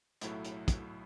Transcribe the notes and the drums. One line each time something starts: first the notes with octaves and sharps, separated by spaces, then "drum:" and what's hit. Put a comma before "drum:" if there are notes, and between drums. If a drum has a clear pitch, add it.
B1 A2 F#3 A3 E4, drum: hi-hat
drum: hi-hat
drum: kick, hi-hat